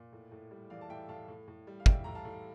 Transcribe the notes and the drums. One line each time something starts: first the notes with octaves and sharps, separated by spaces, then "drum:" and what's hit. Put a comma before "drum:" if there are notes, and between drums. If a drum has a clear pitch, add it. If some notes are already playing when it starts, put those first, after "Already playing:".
Already playing: A#2
A2
A2
G3
E3 D5 F5
A5
A2 E5 G5
A2 F5 A5
A2
A2
G3
F5
E3 E5 G5, drum: kick
A2 A#5
F5 A5
A2